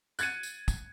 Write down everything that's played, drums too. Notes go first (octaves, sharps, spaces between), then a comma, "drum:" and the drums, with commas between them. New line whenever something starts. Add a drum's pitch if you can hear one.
F#6 G#6 A6 C#7 D#7, drum: tambourine
drum: tambourine
drum: kick, tambourine